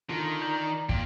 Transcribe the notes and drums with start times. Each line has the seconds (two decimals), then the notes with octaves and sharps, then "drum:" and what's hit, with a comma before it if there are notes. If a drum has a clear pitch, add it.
0.09 D3 D#3 F4
0.41 D5 A#5 G6
0.89 A#2 G5, drum: kick